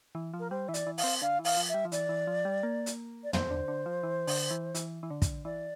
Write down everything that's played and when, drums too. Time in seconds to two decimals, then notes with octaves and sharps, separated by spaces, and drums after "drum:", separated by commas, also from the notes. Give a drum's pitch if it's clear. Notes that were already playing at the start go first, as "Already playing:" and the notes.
0.15 E3
0.34 F3
0.39 A#4
0.50 G3 C5
0.68 E3 E5
0.74 D5, drum: hi-hat
0.87 E3
0.98 F5, drum: open hi-hat
1.04 C4
1.22 D3 F5
1.39 E3
1.45 F5, drum: open hi-hat
1.57 F3
1.69 E5
1.74 G3
1.85 F3
1.92 E3 D5, drum: hi-hat
2.09 E3
2.27 F3
2.45 G3
2.63 A#3
2.86 drum: hi-hat
3.24 D5
3.33 C4 C5, drum: tom
3.50 D3
3.68 D3
3.86 F3
4.03 E3
4.27 D3, drum: open hi-hat
4.51 E3
4.75 E3, drum: hi-hat
5.03 E3
5.10 D3
5.22 drum: kick, hi-hat
5.45 E3 D5